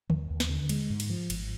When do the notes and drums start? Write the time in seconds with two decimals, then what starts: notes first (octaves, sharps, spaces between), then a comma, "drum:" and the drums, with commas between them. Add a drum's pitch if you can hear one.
0.10 D#2, drum: tom D3
0.30 D#2
0.40 drum: snare
0.49 D3
0.69 G#3, drum: cymbal
0.90 G#2
1.00 drum: cymbal
1.10 F3
1.30 G#1, drum: cymbal